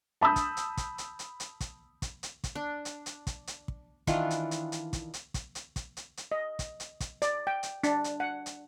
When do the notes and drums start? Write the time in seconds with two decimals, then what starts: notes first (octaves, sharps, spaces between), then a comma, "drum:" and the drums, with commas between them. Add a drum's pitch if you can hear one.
0.21 A5 B5 D#6 E6 G6
0.36 drum: kick, hi-hat
0.57 drum: hi-hat
0.77 drum: kick, hi-hat
0.98 drum: hi-hat
1.19 drum: hi-hat
1.40 drum: hi-hat
1.61 drum: kick, hi-hat
2.02 drum: kick, hi-hat
2.23 drum: hi-hat
2.44 drum: kick, hi-hat
2.55 D4
2.85 drum: hi-hat
3.06 drum: hi-hat
3.27 drum: kick, hi-hat
3.47 drum: hi-hat
3.68 drum: kick
4.07 D#3 E3 D4 F4, drum: kick, hi-hat
4.30 drum: hi-hat
4.51 drum: hi-hat
4.72 drum: hi-hat
4.93 drum: kick, hi-hat
5.14 drum: hi-hat
5.34 drum: kick, hi-hat
5.55 drum: hi-hat
5.76 drum: kick, hi-hat
5.97 drum: hi-hat
6.17 drum: hi-hat
6.32 D#5
6.59 drum: kick, hi-hat
6.80 drum: hi-hat
7.00 drum: kick, hi-hat
7.22 D5, drum: hi-hat
7.47 G5
7.63 drum: hi-hat
7.84 D4, drum: hi-hat
8.04 drum: hi-hat
8.20 F#5
8.46 drum: hi-hat